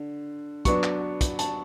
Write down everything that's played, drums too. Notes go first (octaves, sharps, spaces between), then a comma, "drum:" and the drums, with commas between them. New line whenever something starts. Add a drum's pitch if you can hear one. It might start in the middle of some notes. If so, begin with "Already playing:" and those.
Already playing: D3
F#3 B3 D4 C#6, drum: kick, hi-hat
drum: clap
drum: kick, hi-hat
A5, drum: hi-hat